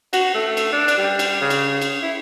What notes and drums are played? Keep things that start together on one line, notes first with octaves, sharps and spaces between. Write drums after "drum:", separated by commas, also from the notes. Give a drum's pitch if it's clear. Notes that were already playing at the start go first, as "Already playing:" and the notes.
F#4, drum: cymbal
A3
drum: cymbal
D4
drum: cymbal
G3
drum: cymbal
C#3
drum: cymbal
drum: cymbal
E4